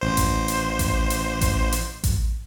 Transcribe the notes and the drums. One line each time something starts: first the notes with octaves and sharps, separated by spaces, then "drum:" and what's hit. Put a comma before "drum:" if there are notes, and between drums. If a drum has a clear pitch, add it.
A1 C5
drum: kick A1, hi-hat
drum: hi-hat
drum: kick A1, hi-hat
drum: hi-hat
drum: kick A1, hi-hat
drum: hi-hat
drum: kick A1, hi-hat